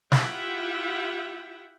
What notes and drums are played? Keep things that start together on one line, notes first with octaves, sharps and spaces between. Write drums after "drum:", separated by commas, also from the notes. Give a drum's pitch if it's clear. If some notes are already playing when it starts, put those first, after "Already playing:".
E4 F4 G4 E5 F#5 G5, drum: snare